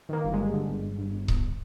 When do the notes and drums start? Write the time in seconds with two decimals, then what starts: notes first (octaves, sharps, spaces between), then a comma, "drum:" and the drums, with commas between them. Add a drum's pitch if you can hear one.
0.09 D#3 A#3
0.24 G1
0.33 G2 G#3
0.53 D3
0.69 G1
0.83 G1
0.98 G1
1.13 G1
1.28 G1, drum: kick C#1